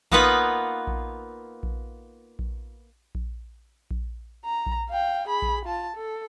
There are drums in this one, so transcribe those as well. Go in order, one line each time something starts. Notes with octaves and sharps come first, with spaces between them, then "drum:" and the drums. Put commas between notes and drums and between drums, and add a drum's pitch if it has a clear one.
A#3 B3 D#4 F4 B4 F#5, drum: kick A#1
drum: kick A#1
drum: kick A#1
drum: kick A#1
drum: kick A#1
drum: kick A#1
A#5
drum: kick A#1
F5 G5
G#4 B5
drum: kick A#1
F4 A5
A4